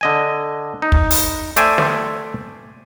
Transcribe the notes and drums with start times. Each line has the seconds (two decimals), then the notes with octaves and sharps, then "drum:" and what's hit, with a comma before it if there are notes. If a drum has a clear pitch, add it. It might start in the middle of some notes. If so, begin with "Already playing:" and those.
0.01 D3 D#5 G#5
0.82 D#4
0.92 drum: kick
1.10 drum: open hi-hat
1.56 A3 C5 D5 E5 G5 G#5, drum: hi-hat
1.78 drum: snare